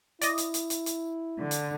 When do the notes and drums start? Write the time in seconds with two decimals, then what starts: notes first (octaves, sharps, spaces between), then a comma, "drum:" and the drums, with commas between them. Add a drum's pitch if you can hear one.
0.21 E4 D5 D#5, drum: hi-hat
0.38 drum: hi-hat
0.54 drum: hi-hat
0.70 drum: hi-hat
0.86 drum: hi-hat
1.38 D3
1.51 drum: hi-hat